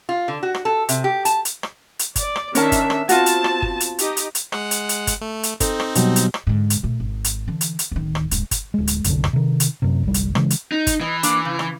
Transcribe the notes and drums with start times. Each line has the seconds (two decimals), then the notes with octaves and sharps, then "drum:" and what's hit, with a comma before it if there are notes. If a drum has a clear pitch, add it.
0.09 F4
0.28 D3
0.43 F#4
0.54 drum: rim click
0.65 A4
0.89 C3, drum: hi-hat
1.04 G4
1.25 A5, drum: hi-hat
1.45 drum: hi-hat
1.63 drum: rim click
1.99 drum: hi-hat
2.16 D5, drum: kick G1, hi-hat
2.36 drum: rim click
2.55 D#3 C#4 D4 A#4 E5 A5, drum: hi-hat
2.72 drum: kick G1, hi-hat
2.90 drum: rim click
3.09 B3 C4 F4 F#4 A5, drum: hi-hat
3.26 drum: hi-hat
3.44 drum: rim click
3.62 drum: kick G1
3.80 drum: hi-hat
3.99 D#4 G4 D#5, drum: hi-hat
4.17 drum: hi-hat
4.35 drum: hi-hat
4.52 G#3 F#5, drum: rim click
4.71 drum: hi-hat
4.89 drum: hi-hat
5.07 drum: kick G1, hi-hat
5.21 A3
5.43 drum: hi-hat
5.60 C4 D#4 A4, drum: kick G1, hi-hat
5.80 drum: rim click
5.95 B2 F#3 G3, drum: hi-hat
6.16 drum: hi-hat
6.34 drum: rim click
6.47 G#2 D3
6.70 drum: hi-hat
6.83 A#2 A3
7.00 G#1
7.24 drum: hi-hat
7.48 D3 E3
7.61 drum: hi-hat
7.79 drum: hi-hat
7.92 D1 D#3
8.15 drum: rim click
8.31 D#1 G#2, drum: hi-hat
8.51 drum: kick G1, hi-hat
8.74 D1 G#3
8.87 drum: hi-hat
9.04 F1 C2 F#2 D3, drum: hi-hat
9.24 drum: rim click
9.33 C3 D#3
9.60 drum: hi-hat
9.82 F#2 C3
10.03 G1 C2 G3
10.14 drum: hi-hat
10.35 C#3 E3 G#3, drum: rim click
10.50 drum: hi-hat
10.72 D#4
10.87 drum: kick G1, hi-hat
11.01 E3 D#5
11.23 A#3 D4, drum: hi-hat
11.45 C#3
11.59 drum: rim click